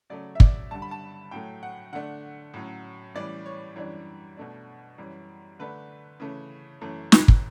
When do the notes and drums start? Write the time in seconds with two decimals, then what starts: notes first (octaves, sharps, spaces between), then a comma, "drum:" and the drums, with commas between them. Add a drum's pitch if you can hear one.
0.10 C#3 F#3 A3 D5
0.35 E5
0.40 D5, drum: kick
0.71 G2 D3 G3 A5
0.82 B5
0.91 A5
1.31 A2 F#3 A3 G5
1.63 F#5
1.92 D3 A3 D4 F#5
2.54 A2 F#3 C#4
3.14 A2 E3 G3 C#4 D5
3.46 C#5
3.76 F#2 E3 G3 D4 C#5
4.37 B2 A3 D4
4.98 F#2 E3 G3 C#4
5.59 D3 A3 D4 B4
6.20 C#3 E3 A3 C#4
6.81 F#2 E3 A3 C#4
7.12 drum: snare
7.28 drum: kick